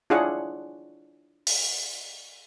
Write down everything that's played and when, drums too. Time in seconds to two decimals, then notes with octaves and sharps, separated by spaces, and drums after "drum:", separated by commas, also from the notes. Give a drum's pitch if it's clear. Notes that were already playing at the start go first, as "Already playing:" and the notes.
0.10 D4 E4 F4 G#4 C#5 F#5
1.47 drum: open hi-hat